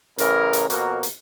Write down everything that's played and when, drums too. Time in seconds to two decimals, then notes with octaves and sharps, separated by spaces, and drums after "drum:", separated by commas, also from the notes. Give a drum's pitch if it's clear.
0.18 A1 C#3 E3 A#4, drum: hi-hat
0.53 drum: hi-hat
0.70 F2 B2 A#3 F#4 A#4, drum: hi-hat
1.03 drum: hi-hat